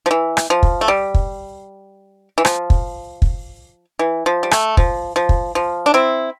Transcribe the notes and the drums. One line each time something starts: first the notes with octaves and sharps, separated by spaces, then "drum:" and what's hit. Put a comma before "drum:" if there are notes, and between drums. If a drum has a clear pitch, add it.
F3
E3
drum: rim click
F3
drum: kick
A3
G3
drum: kick
E3
F3, drum: rim click
drum: kick
drum: kick
E3
F3
G3
A3, drum: rim click
F3, drum: kick
F3
drum: kick
F3
D4
C4 E4